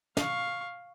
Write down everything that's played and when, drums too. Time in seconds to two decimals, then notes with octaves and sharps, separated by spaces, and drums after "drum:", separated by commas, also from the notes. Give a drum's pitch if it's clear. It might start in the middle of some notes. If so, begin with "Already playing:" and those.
0.17 F5 C#6, drum: snare